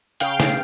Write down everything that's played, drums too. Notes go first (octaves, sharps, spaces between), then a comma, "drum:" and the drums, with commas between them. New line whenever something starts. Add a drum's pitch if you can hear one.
C#3 F5 G5, drum: hi-hat
drum: snare